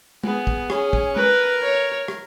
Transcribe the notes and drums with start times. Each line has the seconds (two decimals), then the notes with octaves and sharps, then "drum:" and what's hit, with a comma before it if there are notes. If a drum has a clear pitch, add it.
0.24 B3 G#4, drum: tom
0.47 drum: kick
0.70 C#4 G#4, drum: rim click
0.93 drum: kick
1.16 A#4 B4, drum: tom
1.62 C#5
2.08 drum: rim click